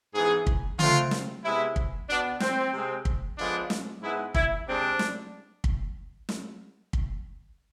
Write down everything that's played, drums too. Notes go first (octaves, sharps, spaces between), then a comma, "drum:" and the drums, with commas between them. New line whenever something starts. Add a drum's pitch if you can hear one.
G#2 E3 B3 G#4
drum: kick
D3 A3 C4 F4, drum: tom C#3
drum: snare
C3 G#3 B3 E4
drum: kick
B2 B3 D4
C4, drum: snare
C3 G#3 C4
drum: kick
D3 F3 G#3 B3 D4
drum: snare
G#2 G#3 B3 E4
E4, drum: kick
C3 G#3 C4 D4
drum: snare
drum: kick
drum: snare
drum: kick